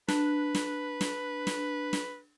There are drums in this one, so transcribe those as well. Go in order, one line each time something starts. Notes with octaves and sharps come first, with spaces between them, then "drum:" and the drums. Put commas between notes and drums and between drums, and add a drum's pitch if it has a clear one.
D4 B4, drum: snare
drum: snare
drum: snare
drum: snare
drum: snare